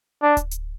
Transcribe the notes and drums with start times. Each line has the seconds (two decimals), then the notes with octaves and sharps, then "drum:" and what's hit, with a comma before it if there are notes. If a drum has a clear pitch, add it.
0.22 D4
0.37 drum: kick D1, hi-hat
0.51 drum: hi-hat